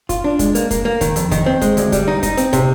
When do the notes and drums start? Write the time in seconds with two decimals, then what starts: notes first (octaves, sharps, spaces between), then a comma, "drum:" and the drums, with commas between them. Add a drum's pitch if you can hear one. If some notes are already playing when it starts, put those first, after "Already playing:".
0.09 F4, drum: kick, hi-hat
0.24 D4
0.39 G#3, drum: kick, hi-hat
0.55 A#3, drum: hi-hat
0.71 A#3, drum: kick, hi-hat
0.85 A#3
1.01 D#3, drum: kick, hi-hat
1.16 F2, drum: hi-hat
1.31 D#3, drum: kick, hi-hat
1.46 C4
1.61 G#3, drum: kick, hi-hat
1.77 D2, drum: hi-hat
1.92 G3, drum: kick, hi-hat
2.08 D#4
2.23 D#4, drum: kick, hi-hat
2.37 C4, drum: hi-hat
2.53 C3, drum: kick, hi-hat